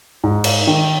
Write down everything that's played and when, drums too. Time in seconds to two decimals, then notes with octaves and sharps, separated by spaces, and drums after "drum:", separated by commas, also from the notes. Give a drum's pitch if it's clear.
0.24 G#2
0.44 drum: cymbal
0.67 D#3